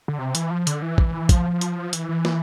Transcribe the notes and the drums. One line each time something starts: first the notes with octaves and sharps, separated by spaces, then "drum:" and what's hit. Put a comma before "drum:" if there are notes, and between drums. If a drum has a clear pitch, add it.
D3
C3
E3, drum: hi-hat
F3
D3, drum: hi-hat
E3
drum: kick
F3, drum: kick, hi-hat
drum: hi-hat
E3, drum: hi-hat
E3
drum: snare